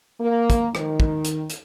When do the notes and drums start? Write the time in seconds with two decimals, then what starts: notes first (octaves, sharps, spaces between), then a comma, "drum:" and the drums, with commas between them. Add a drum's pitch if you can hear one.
0.21 A#3
0.50 drum: kick, hi-hat
0.75 D#3, drum: rim click
1.00 drum: kick
1.25 drum: hi-hat
1.50 drum: hi-hat